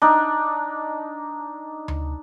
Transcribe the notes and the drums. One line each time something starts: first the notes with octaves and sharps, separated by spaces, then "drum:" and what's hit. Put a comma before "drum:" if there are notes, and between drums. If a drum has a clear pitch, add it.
D4 D#4
drum: tom D2